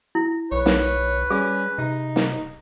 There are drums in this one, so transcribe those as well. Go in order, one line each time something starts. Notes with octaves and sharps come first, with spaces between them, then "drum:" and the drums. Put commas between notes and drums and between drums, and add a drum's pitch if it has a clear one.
E4
B1 B4 C#5
drum: snare
G3 C#4 G#4
C3 D#4
drum: snare